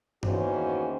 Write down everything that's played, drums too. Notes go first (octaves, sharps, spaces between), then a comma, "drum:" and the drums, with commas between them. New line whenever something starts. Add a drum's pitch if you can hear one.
E2 D#3 A#3 C#4 F#4 C5, drum: tom G2